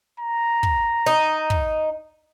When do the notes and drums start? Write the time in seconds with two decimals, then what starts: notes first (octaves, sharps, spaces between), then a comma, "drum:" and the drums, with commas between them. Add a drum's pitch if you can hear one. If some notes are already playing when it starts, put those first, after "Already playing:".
0.20 A#5
0.63 drum: kick
1.07 D#4
1.50 drum: kick